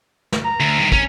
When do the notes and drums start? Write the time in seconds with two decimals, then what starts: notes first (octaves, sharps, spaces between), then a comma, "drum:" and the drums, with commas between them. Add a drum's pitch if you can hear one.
0.32 drum: snare
0.44 A#5
0.60 D2
0.79 G2 D#3
0.92 C#4, drum: kick